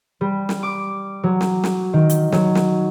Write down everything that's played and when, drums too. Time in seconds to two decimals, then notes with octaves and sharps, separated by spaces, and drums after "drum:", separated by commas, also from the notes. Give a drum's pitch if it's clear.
0.21 G3
0.49 drum: snare
0.63 D6
1.23 F#3
1.41 drum: snare
1.64 drum: snare
1.93 D#3
2.09 drum: hi-hat
2.32 F#3, drum: snare
2.55 drum: snare